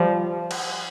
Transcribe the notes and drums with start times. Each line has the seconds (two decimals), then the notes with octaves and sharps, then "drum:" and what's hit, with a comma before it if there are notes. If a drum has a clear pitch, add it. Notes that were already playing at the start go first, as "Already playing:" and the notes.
Already playing: F3 G3
0.51 drum: cymbal